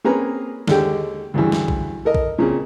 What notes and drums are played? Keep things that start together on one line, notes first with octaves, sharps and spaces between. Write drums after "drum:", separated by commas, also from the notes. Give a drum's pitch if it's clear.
A#3 C4 C#4 G#4 B4 A#5
D#2 D3 G#3 G4 G5, drum: snare
D2 G2 C#3 E3
drum: snare
drum: kick B1
A4 A#4 D#5
drum: kick B1
A#2 C#3 C4